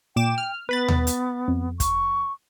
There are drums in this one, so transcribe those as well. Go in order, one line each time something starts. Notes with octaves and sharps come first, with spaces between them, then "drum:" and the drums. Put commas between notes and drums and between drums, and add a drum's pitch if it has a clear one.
A#2 G5 D6 E7
F6
B3 B4 B5 A6
drum: tom D#2
drum: hi-hat
F2
C#6, drum: kick, hi-hat